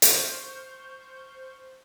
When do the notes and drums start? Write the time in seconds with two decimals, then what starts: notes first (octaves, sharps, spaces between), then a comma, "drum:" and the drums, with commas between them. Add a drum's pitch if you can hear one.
0.02 C5 C#6 F6 G6, drum: hi-hat